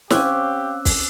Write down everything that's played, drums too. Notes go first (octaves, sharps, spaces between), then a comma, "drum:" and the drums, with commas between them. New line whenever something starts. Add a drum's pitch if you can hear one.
C4 C#4 G4 F5 D6 E6 F#6, drum: snare
drum: kick, open hi-hat